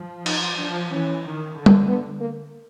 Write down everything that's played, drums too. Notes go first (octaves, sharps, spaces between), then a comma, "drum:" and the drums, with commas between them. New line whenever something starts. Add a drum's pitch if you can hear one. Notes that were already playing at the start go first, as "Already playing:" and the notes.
Already playing: F3
D#4, drum: cymbal
F3 D4
E3 C#4
D#3
D3
drum: tom G3
B3
A#3